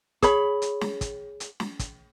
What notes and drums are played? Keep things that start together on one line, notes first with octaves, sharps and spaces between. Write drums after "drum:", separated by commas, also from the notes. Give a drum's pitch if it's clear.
G#4 C#5 B5, drum: kick, hi-hat
drum: hi-hat
drum: snare
drum: kick, hi-hat
drum: hi-hat
drum: snare
drum: kick, hi-hat